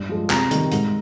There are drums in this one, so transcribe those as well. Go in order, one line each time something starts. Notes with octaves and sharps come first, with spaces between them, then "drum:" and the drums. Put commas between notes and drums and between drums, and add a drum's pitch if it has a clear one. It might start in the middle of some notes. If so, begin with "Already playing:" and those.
Already playing: G2
F3 G#3
C3 A#5, drum: clap
D#3 G3, drum: hi-hat
G#2, drum: hi-hat